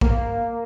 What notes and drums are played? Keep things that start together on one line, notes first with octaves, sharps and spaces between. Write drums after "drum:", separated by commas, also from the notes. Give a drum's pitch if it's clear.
A#3, drum: kick A#1